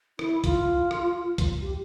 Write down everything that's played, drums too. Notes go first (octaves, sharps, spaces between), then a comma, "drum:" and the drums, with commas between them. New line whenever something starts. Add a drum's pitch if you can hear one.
E4, drum: rim click
F4, drum: kick C2, hi-hat
drum: rim click
drum: kick C2, hi-hat
G4